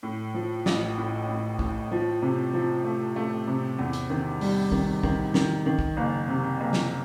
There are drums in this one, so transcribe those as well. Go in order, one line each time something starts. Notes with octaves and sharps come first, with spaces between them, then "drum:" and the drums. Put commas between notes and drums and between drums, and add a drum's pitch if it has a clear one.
A2
F3
A1, drum: snare
A2
A2
A2, drum: kick
F3
C3
F3
A3
A3
C3
E2
drum: hi-hat
D#3
G3, drum: open hi-hat
D#3, drum: kick
D#3, drum: kick
D#3, drum: snare
D#3
drum: kick
F#1
C3
F#1
drum: snare